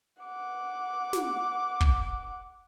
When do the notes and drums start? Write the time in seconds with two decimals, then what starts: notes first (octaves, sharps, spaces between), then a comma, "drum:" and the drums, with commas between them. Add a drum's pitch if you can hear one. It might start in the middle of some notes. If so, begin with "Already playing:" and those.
0.23 F#5 D6
1.13 drum: snare
1.81 drum: kick